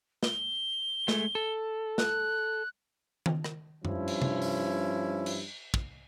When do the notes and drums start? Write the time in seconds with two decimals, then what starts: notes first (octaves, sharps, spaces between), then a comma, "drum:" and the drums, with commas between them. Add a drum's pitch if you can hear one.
0.23 G7, drum: snare
1.08 G#3 A3, drum: snare
1.35 A4
1.98 F#6, drum: snare
3.26 drum: tom D#3
3.44 drum: rim click
3.85 G2 F3 C#4 E4, drum: tom F#2
4.08 drum: cymbal
4.22 drum: tom C3
4.42 drum: open hi-hat
5.26 drum: cymbal
5.74 drum: kick